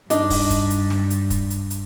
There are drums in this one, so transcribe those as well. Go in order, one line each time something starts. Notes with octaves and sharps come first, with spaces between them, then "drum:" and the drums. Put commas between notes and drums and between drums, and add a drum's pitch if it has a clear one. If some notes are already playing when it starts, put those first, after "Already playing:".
G2 D4 D#4, drum: hi-hat
drum: kick, open hi-hat
drum: kick, hi-hat
drum: hi-hat
drum: snare
drum: hi-hat
drum: kick, hi-hat
drum: hi-hat
drum: hi-hat